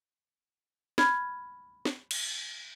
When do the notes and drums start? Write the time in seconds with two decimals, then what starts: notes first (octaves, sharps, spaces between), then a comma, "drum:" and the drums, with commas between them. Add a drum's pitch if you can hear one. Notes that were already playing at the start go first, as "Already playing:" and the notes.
0.98 B5 F6 G#6, drum: snare
1.85 drum: snare
2.11 drum: cymbal